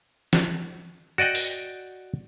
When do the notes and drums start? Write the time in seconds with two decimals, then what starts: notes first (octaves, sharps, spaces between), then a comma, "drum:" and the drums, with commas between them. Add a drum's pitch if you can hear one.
0.33 drum: snare
1.18 F#4 D5 D#5 F#5 G5
1.35 drum: open hi-hat